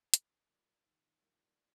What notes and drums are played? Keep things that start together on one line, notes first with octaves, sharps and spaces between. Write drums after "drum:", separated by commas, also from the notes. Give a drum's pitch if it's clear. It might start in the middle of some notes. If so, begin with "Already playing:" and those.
D#3, drum: hi-hat
G3 A#3 D4 F4
D#3
G3 A#3 D4 F4